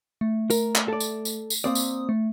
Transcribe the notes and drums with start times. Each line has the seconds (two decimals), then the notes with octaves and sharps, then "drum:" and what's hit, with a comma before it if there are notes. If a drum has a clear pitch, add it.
0.21 A3
0.50 A#4, drum: tambourine
0.75 drum: clap
0.88 A4 D5
1.00 drum: tambourine
1.25 drum: tambourine
1.50 drum: tambourine
1.64 A#3 C4 D5 D#6
1.75 drum: tambourine
2.09 A3